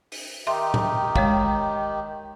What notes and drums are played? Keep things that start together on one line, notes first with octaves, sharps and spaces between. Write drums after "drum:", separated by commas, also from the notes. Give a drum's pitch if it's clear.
drum: open hi-hat
D#3 D#4 G4 E5 C6
drum: tom A2
G#3 C#5 F5, drum: kick